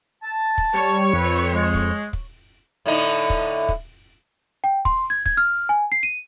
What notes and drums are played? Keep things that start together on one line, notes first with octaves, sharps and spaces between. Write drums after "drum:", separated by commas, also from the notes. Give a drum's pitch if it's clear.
A5
drum: kick
G3 C#5
F2 C4 B4
G#3
drum: kick
drum: kick
A2 D3 D#4
drum: kick
drum: kick
G5
C6, drum: kick
G#6
G#6, drum: kick
F6
G#5
C7
D#7